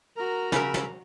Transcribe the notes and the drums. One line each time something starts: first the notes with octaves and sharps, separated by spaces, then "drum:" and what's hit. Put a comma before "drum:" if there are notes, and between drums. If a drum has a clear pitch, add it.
F#4 A#4 A#5
C#3 A#4 B5 E6, drum: snare
drum: snare